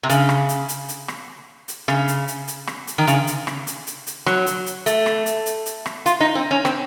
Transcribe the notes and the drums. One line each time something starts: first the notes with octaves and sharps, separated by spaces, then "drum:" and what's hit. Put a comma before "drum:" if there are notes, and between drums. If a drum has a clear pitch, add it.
C3
C#3, drum: hi-hat
drum: rim click
drum: hi-hat
drum: hi-hat
drum: hi-hat
drum: rim click
drum: hi-hat
C#3, drum: rim click
drum: hi-hat
drum: hi-hat
drum: hi-hat
drum: rim click
drum: hi-hat
D#3
C#3, drum: hi-hat
drum: hi-hat
drum: rim click
drum: hi-hat
drum: hi-hat
drum: hi-hat
F#3, drum: rim click
drum: hi-hat
drum: hi-hat
A3, drum: hi-hat
drum: rim click
drum: hi-hat
drum: hi-hat
drum: hi-hat
drum: rim click
F4, drum: hi-hat
D#4
C4
C#4
C4, drum: rim click